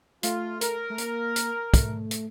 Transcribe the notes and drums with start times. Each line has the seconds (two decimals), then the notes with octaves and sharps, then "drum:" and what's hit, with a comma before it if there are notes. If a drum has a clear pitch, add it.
0.23 A3 F4, drum: hi-hat
0.61 A#4, drum: hi-hat
0.90 A3
0.98 A#3, drum: hi-hat
1.36 drum: hi-hat
1.74 A3, drum: kick, hi-hat
2.11 drum: hi-hat